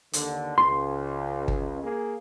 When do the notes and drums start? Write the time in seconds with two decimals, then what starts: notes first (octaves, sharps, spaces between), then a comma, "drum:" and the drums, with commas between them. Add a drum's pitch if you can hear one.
0.13 D#2 D3, drum: hi-hat
0.58 C#2 C6
1.48 drum: kick G1
1.83 A#3 G#4